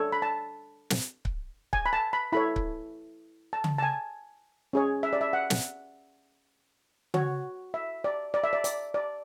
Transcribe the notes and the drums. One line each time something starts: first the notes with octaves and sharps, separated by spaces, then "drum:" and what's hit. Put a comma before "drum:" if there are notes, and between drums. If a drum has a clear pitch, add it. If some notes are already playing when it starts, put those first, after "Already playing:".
Already playing: D4 A4 C#5
B5
A5
drum: snare
drum: kick C#1
G#5, drum: kick C#1
B5
A5
B5
E4 A4 C#5 B5
drum: kick C#1
A5
drum: tom C#3
A5
G#5
C#4 G#4 C#5
E5
D5
E5
F#5
drum: snare
F#4 C#5, drum: tom C#3
E5
D5
D5
E5
D5
D5, drum: hi-hat
D5